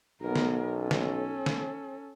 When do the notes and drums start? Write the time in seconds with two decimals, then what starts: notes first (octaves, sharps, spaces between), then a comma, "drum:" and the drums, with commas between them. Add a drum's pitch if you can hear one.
0.22 B1 B3 A#4
0.36 drum: snare
0.77 C#4 A4
0.91 drum: snare
1.46 drum: snare